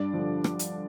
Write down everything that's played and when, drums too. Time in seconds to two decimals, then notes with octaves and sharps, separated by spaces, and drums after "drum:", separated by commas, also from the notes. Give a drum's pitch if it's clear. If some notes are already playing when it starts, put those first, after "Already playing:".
Already playing: G2 D4 D5
0.14 D3 F3
0.44 drum: rim click
0.59 drum: hi-hat